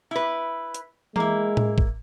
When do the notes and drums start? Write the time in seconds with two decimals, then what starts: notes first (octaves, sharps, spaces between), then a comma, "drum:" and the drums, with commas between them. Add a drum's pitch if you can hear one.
0.11 E4 B4
0.74 drum: hi-hat
1.16 G#3 A#3 E4, drum: tom E3
1.57 drum: tom A2
1.78 drum: kick